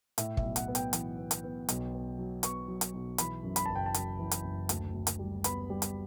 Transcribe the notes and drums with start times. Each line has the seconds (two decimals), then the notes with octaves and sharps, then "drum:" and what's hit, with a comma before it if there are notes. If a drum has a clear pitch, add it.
0.18 A2 E5, drum: hi-hat
0.37 E5, drum: kick
0.42 B1
0.56 F#5, drum: hi-hat
0.68 B3
0.75 G5, drum: hi-hat
0.93 E3, drum: hi-hat
1.18 B3
1.31 drum: hi-hat
1.44 B3
1.69 B1, drum: hi-hat
1.94 B3
2.19 F#3
2.43 B3 C#6, drum: hi-hat
2.68 F#3
2.81 drum: hi-hat
2.94 B1
3.18 E3 B5, drum: hi-hat
3.43 F#2
3.56 B5, drum: hi-hat
3.66 F#1 A5
3.75 G5
3.86 A5
3.94 F#2, drum: hi-hat
4.19 E3
4.31 drum: hi-hat
4.44 F#1
4.69 D2, drum: hi-hat
4.94 D2
5.07 drum: hi-hat
5.19 G3
5.44 B3 B5, drum: hi-hat
5.70 G3
5.82 drum: hi-hat